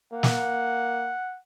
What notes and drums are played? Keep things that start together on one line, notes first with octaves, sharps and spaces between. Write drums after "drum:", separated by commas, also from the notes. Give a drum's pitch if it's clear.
A#3 F#5
drum: snare